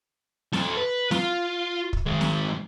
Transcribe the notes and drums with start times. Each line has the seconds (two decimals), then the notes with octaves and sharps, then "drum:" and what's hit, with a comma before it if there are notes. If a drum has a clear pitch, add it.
0.53 A4 C5, drum: snare
0.77 B4
1.11 F4, drum: snare
1.93 drum: kick
2.06 D#3 G#3
2.21 drum: snare